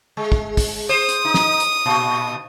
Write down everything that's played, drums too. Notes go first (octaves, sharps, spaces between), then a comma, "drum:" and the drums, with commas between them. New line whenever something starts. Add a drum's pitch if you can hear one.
G#3
drum: kick
drum: kick, open hi-hat
C5 D#6
drum: hi-hat
D#4
drum: snare
drum: hi-hat
A#2